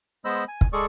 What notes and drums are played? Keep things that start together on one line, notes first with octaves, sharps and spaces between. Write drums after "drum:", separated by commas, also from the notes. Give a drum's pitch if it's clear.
G#3 B3 C5 D#5 B5 E6
G#5
drum: kick
G#3 G#4 A4 D5 C#6